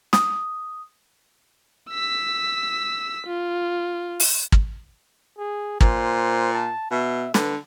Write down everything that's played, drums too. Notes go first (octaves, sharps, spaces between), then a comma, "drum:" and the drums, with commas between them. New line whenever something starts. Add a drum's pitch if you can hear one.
D#6, drum: snare
E6 B6
F4
drum: open hi-hat
drum: kick
G#4
A#2 C5, drum: kick
A5
B2 E5
D3 B4, drum: snare